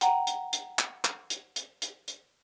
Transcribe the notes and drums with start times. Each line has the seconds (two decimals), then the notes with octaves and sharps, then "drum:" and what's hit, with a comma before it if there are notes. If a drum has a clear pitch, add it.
0.01 F#5 G5 A#5, drum: hi-hat
0.27 drum: hi-hat
0.53 drum: hi-hat
0.79 drum: clap
1.05 drum: clap
1.30 drum: hi-hat
1.56 drum: hi-hat
1.82 drum: hi-hat
2.08 drum: hi-hat